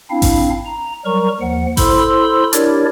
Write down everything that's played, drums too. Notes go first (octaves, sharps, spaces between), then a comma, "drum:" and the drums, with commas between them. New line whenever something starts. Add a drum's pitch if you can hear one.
C4 D4 E4 F5
drum: kick A1, open hi-hat
A#5
F#3 G3 A#4 A#5 C#6
D#2 F3 F#5
E4 A4 C5 B5 C6 E6, drum: kick A1, open hi-hat
D4 E4 G4 A#4 C#5 D5, drum: hi-hat